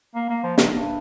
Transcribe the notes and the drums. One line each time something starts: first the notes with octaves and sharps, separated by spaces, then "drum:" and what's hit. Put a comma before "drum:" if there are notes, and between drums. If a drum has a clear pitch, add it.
A#3
A#3
F3
C3, drum: snare
G2